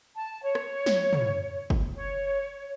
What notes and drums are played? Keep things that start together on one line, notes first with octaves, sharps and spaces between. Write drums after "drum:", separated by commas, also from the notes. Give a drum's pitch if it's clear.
A5
C#5
drum: rim click
drum: snare
drum: tom
drum: kick
C#5